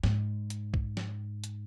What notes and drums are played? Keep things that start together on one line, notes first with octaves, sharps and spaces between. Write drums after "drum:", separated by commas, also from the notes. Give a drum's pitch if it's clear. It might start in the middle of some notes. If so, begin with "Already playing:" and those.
G#2, drum: snare
drum: hi-hat
drum: kick B1
drum: snare
drum: hi-hat